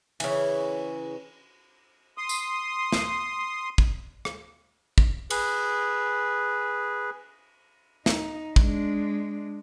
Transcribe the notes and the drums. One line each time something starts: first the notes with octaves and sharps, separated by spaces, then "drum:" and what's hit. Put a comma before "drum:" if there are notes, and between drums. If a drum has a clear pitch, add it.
C#3 E3, drum: cymbal
C6 D#6
drum: tambourine
drum: snare
drum: kick
drum: rim click
drum: kick
G#4 B4, drum: cymbal
D#4, drum: snare
G#3 D4, drum: kick